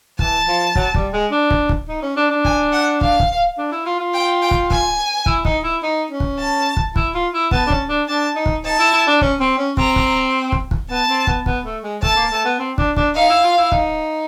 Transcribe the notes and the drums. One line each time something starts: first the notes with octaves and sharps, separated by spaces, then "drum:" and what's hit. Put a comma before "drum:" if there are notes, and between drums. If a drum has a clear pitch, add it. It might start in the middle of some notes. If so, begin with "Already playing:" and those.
E3 A5, drum: kick
F3
F#3, drum: kick
G3, drum: kick
G#3
D4
drum: kick
drum: kick
D#4
C#4
D4
D4
G#5, drum: kick
F#5
F5, drum: kick
drum: kick
D4
E4
F4
F4
G5
G5
drum: kick
G#5, drum: kick
E4, drum: kick
D#4, drum: kick
E4
D#4
C#4
drum: kick
A5
drum: kick
E4, drum: kick
F4
E4
B3 A5, drum: kick
D4
C#4, drum: kick
D4
D4 A5
D#4
drum: kick
D#4 A5
E4
E4
D4
C#4, drum: kick
C4
C#4
C4 A#5, drum: kick
drum: kick
drum: kick
drum: kick
B3 A5
C4
B3, drum: kick
B3, drum: kick
A3
G#3
A3 A5, drum: kick
A#3
A3
B3
C4
D4, drum: kick
D4, drum: kick
D#4 F5
E4
F4
E4
D#4, drum: kick